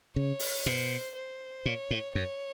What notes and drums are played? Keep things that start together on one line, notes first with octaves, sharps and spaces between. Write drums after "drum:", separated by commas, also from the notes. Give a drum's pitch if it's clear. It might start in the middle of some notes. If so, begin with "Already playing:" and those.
C#3 C#5
drum: open hi-hat
B2 C5, drum: rim click
C5
A#2 C#5
A2
F#2 C#5